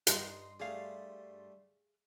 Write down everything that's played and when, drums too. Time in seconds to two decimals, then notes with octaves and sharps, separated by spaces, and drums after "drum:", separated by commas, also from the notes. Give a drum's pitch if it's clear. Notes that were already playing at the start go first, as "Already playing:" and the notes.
0.07 G2 D#4 C6, drum: hi-hat
0.60 G3 A3 G#4 F5